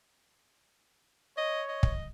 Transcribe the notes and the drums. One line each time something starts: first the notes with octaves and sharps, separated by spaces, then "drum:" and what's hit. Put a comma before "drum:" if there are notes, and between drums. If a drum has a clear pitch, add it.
C#5 D#5
D#5
drum: kick